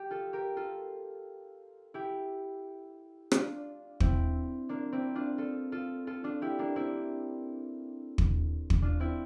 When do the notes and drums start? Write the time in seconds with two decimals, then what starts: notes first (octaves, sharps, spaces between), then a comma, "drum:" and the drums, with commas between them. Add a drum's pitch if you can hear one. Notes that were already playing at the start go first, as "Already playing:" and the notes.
Already playing: G4
0.11 F4 A4
0.33 G4 A#4
0.57 F4 A4
1.94 E4 G4
3.32 D4 F4, drum: rim click
4.00 C4 E4, drum: kick
4.69 A#3 D4
4.92 C4 E4
5.15 D4 F4
5.38 F4 A4
5.72 F4 A4
6.07 F4 A4
6.24 D4 F4
6.42 E4 G4
6.59 A#3 D4
6.76 C4 E4
8.18 drum: kick
8.70 drum: kick
8.82 D4 F4
9.00 C4 E4